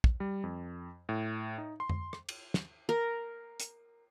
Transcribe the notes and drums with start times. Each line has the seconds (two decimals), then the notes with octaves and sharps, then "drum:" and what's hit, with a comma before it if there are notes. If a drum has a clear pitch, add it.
0.04 drum: kick
0.20 G3
0.44 F2
1.09 A2
1.58 D#4
1.80 C6
1.89 drum: tom F2
2.13 drum: rim click
2.29 drum: cymbal
2.54 drum: snare
2.89 A#4
3.60 drum: hi-hat